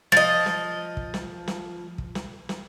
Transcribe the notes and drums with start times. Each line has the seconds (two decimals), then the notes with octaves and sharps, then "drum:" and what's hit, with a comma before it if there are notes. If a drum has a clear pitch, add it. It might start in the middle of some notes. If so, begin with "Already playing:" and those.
0.12 F3 D#5 A6, drum: snare
0.46 drum: snare
0.97 drum: kick
1.14 drum: snare
1.48 drum: snare
1.98 drum: kick
2.15 drum: snare
2.49 drum: snare